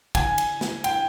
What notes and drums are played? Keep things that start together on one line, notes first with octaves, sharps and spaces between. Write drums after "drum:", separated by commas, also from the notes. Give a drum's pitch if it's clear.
G#5, drum: kick, cymbal
drum: cymbal
drum: snare
G5, drum: cymbal